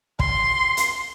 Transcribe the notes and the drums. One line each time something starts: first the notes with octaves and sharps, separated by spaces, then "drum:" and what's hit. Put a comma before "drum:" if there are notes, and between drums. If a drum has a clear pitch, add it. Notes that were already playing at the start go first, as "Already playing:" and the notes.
C6, drum: kick
drum: hi-hat